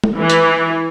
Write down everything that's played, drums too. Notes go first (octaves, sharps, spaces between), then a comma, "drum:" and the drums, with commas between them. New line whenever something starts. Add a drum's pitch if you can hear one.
drum: tom
E3
drum: hi-hat